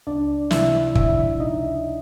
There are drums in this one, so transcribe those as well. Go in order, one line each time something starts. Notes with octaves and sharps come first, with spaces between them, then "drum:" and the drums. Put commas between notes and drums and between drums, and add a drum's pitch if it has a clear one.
C#2 D4 D5
C3 E4 E5, drum: snare
F3 E4 E5, drum: kick
C#2 D#4 D#5